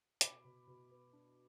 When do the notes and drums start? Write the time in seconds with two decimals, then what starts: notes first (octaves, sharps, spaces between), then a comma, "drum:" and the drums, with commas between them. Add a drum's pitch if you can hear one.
0.21 B2 B5 D6, drum: hi-hat
0.44 B2
0.67 B2
0.90 B3
1.13 D4